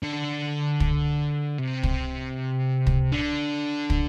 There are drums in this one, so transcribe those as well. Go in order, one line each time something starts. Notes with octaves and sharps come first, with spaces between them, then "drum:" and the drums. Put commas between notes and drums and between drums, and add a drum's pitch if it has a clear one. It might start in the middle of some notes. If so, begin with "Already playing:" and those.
D3
drum: kick
C3
drum: kick
drum: kick
D3
drum: kick